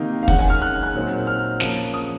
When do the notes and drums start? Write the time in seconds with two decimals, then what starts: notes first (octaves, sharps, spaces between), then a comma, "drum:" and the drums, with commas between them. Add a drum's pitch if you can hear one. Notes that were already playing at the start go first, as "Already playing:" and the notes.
Already playing: C3 D#3 A#3 D#4 F5
0.23 F5
0.28 D#3 G#3 C#4 F#5, drum: kick
0.39 G#5
0.50 F6
0.62 F#6
0.83 F#6
0.94 A#2 F#3 C4 D#4
1.27 F6
1.60 C#3 F3 A#3 C#4, drum: snare
1.94 D#6